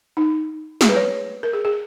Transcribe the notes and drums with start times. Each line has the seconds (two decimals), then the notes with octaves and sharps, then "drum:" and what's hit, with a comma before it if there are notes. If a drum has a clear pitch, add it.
0.17 D#4
0.81 G#4, drum: snare
0.89 B4
0.96 C#5
1.43 A#4
1.53 G#4
1.65 G#4